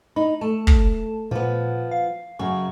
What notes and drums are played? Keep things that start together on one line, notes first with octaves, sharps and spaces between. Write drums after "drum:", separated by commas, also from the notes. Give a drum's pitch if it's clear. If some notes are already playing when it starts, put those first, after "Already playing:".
D#4 B5
A3 A5
drum: kick
A#2 F3 B3
F5
F#2 C#3 C#6